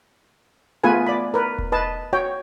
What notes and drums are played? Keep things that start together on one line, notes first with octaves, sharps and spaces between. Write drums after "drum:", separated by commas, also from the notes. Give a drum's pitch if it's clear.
A3 B3 F4 G#4 B4 G#5
D5 B5
A#4 B4
drum: kick E1
B4 D#5 A5
F#4 C#5 G5